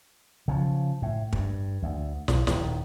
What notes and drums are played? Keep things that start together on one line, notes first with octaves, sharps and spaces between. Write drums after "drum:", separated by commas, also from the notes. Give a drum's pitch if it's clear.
C#3 E3 F3
A2
G2, drum: kick
D2
B1, drum: snare
D#1 D#3, drum: snare